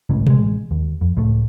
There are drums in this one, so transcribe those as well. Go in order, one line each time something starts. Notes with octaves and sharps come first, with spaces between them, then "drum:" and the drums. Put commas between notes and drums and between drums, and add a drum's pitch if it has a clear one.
G#1 C#2 A2 C#3
A1 G#3, drum: tom B2
D#2
F2
C#2 A2 A3